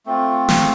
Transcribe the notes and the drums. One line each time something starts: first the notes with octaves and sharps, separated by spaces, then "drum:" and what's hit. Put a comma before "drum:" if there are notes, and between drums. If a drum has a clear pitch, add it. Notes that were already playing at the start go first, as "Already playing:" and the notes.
A3 C4 F4
drum: snare